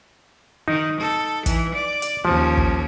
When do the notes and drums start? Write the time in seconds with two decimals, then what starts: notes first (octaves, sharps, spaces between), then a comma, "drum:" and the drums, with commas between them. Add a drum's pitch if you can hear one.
0.68 D#3 D#4
1.00 A4
1.46 E3, drum: kick, hi-hat
1.74 D5
2.02 drum: hi-hat
2.25 D#2 F3 C#4
2.57 drum: kick